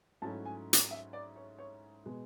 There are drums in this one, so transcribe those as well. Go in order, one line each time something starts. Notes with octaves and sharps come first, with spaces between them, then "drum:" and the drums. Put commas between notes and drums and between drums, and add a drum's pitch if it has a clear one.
G#2 F#3 A3 C#4 E4 A5
G#5
drum: hi-hat
E5
D5
C#5
C#5
B2 G#3 B3